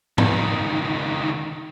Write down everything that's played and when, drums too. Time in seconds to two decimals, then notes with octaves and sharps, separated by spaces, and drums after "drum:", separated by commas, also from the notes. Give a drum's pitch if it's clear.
0.18 C#2 D#3, drum: tom G#2